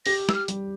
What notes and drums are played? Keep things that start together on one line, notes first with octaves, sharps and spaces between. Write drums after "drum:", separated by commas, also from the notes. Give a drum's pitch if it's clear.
G4 A#6, drum: open hi-hat
E6, drum: snare
F6
G3, drum: hi-hat